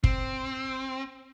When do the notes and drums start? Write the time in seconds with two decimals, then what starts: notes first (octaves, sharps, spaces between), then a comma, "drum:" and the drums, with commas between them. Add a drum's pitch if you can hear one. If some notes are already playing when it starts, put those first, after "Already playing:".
0.04 C4, drum: kick